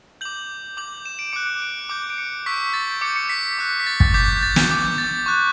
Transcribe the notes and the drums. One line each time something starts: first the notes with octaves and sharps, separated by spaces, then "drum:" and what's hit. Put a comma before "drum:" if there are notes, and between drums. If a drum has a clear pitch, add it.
D6 G6 F#7
D6 G6 F#7
E7
D7
D6 F#6 C#7
D7
D7
D6 G6
D7
C#7
C#6 E6 G6 B6
A6
G6
D6 G6 C#7
C#7
B6
D6 F#6
B6
A6
A6, drum: kick
D6 G6 B6
G6
A6
G6, drum: snare
D6 G6
A6
C#6 F#6